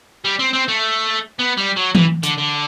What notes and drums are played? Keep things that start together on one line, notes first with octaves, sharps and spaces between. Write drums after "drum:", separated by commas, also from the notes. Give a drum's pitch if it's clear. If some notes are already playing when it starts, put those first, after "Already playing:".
G3
C4
C4
A3
B3
G3
F#3
E3, drum: tom E3
D3, drum: hi-hat
D3